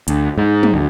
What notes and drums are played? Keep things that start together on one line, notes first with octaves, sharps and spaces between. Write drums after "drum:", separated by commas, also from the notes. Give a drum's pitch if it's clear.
D2, drum: hi-hat
G#2
drum: tom
D2